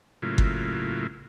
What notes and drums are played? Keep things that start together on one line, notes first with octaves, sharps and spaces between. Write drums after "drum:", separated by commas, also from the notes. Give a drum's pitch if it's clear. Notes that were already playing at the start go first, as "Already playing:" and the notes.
A2 C#3 F#3 A#3 E4 F4
drum: kick G1